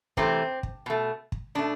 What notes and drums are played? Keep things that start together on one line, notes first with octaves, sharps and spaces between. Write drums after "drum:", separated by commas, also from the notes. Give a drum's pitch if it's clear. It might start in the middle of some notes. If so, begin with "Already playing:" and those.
C3 E3 A3 C4, drum: kick
drum: kick
B2 A3
drum: kick
B2 A3 D4